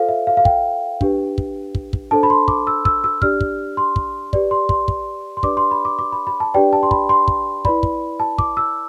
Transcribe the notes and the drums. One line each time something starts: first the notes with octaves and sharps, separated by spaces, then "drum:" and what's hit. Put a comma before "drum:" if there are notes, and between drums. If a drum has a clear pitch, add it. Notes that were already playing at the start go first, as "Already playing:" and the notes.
Already playing: F4 A4 C5 F5
E5
F5
F5
G5, drum: kick
D4 G4 B4, drum: kick
drum: kick
drum: kick
drum: kick
D4 A4 C5 A5
B5
C6
D6, drum: kick
E6
E6, drum: kick
E6
D4 G4 D5 F6, drum: kick
drum: kick
C6
drum: kick
G4 B4 D5, drum: kick
C6
C6, drum: kick
drum: kick
C6
D4 G4 B4 D5 D6, drum: kick
C6
B5
D6
D6
B5
B5
A5
D4 G4 B4 D5 G5
A5
C6
B5, drum: kick
C6
drum: kick
E4 B4 D5 B5, drum: kick
drum: kick
A5
D6, drum: kick
E6